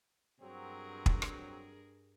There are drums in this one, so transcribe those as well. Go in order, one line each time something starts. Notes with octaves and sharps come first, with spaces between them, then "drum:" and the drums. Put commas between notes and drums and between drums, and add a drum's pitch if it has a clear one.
G2 F#3 C4 G#4 A#4
drum: kick
drum: rim click